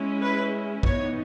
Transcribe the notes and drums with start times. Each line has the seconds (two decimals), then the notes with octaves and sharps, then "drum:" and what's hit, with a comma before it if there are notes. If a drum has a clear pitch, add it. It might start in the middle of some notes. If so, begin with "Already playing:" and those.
Already playing: G#3 C#4 E4
0.21 B4
0.83 E3 B3 D#4 C#5, drum: kick